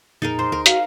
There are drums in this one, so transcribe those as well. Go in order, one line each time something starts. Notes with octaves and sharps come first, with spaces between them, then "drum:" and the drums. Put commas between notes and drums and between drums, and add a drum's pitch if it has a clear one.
F2 A#2 D#4 G#4 A#4 A6
C5 C6
D2 A#4
F#4 F5, drum: hi-hat